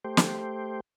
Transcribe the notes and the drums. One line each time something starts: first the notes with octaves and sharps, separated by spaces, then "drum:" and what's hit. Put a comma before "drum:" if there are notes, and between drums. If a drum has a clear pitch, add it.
A3 G4 C5
drum: snare